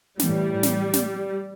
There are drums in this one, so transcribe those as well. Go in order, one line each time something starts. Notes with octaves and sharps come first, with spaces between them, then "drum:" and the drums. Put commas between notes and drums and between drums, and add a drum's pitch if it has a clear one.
A2 E3 G3, drum: snare
drum: snare
drum: snare